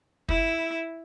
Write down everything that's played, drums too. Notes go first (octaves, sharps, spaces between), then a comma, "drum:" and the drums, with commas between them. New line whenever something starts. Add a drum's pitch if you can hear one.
E4, drum: kick